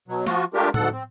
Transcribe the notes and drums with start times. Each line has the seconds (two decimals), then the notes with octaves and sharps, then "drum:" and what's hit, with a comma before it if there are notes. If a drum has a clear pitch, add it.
0.08 B2 F#3
0.27 F3 F4 F#4, drum: snare
0.54 G#3 A3 D4 F4 G4 A#4
0.74 D2 G#2 A4 F#5, drum: tom A2
0.92 C4